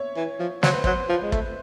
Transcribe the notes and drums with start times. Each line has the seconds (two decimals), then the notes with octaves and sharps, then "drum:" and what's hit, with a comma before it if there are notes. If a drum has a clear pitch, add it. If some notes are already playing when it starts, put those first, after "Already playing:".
Already playing: C#5 E5
0.16 E3
0.40 F3
0.63 F#3 C5, drum: snare
0.73 B4
0.84 F#3 C5, drum: kick
1.09 F3
1.23 G#3
1.32 A3, drum: kick